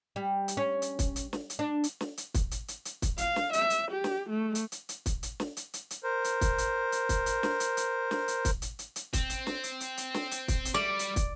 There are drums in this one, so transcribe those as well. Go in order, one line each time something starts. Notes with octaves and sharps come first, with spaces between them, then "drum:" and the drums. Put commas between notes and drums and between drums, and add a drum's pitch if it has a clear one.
G3
drum: hi-hat
C#4
drum: hi-hat
drum: kick, hi-hat
drum: hi-hat
drum: snare
drum: hi-hat
D4
drum: hi-hat
drum: snare
drum: hi-hat
drum: kick, hi-hat
drum: hi-hat
drum: hi-hat
drum: hi-hat
drum: kick, hi-hat
F5, drum: hi-hat
drum: snare
E5, drum: hi-hat
drum: hi-hat
G4
drum: snare
A3
drum: hi-hat
drum: hi-hat
drum: hi-hat
drum: kick, hi-hat
drum: hi-hat
drum: snare
drum: hi-hat
drum: hi-hat
drum: hi-hat
A#4 C5
drum: hi-hat
drum: kick, hi-hat
drum: hi-hat
drum: hi-hat
drum: kick, hi-hat
drum: hi-hat
drum: snare
drum: hi-hat
drum: hi-hat
drum: snare
drum: hi-hat
drum: kick, hi-hat
drum: hi-hat
drum: hi-hat
drum: hi-hat
C4, drum: kick, hi-hat
drum: hi-hat
drum: snare
drum: hi-hat
drum: hi-hat
drum: hi-hat
drum: snare
drum: hi-hat
drum: kick, hi-hat
drum: hi-hat
G3 D5
drum: hi-hat
drum: kick, hi-hat